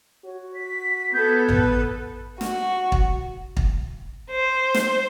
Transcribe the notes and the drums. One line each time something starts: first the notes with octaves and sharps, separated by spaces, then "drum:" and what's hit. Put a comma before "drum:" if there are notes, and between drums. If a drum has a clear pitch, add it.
F#4 C#5
B6
B3 A4 G6 G#6
B4 B5, drum: tom A1
F#4, drum: snare
drum: kick
drum: kick
C5
drum: snare